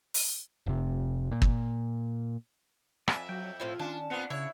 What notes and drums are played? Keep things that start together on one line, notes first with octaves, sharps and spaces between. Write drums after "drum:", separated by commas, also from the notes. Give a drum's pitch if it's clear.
drum: open hi-hat
F1 C3
A#2
drum: kick
F2 D5 E5 G#5, drum: rim click
F#3 G5
A2 C4 E4 F4
D#3 C#4 D4 A5
A#2 B3 C4 D4 F4 F5 F#5
C#3 E4 C#5